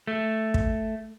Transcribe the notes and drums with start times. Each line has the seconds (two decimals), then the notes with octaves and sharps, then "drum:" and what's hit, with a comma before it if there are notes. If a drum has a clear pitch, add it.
0.07 A3
0.54 drum: kick